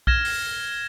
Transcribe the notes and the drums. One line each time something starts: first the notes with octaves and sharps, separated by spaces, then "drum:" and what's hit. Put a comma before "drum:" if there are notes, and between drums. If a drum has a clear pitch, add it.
F6 G#6 A#6 E7, drum: kick
drum: open hi-hat